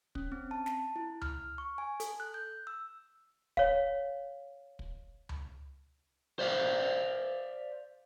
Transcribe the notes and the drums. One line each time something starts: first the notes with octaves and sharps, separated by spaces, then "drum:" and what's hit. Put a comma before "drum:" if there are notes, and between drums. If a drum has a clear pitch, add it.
C#4, drum: kick
C4
A5
A5, drum: snare
E4
F6, drum: tom C#2
C#6
G#5
A4, drum: hi-hat
F#6
G6
E6
C#5 F5, drum: kick
drum: kick
drum: tom C#2
C5 D5 E5 F5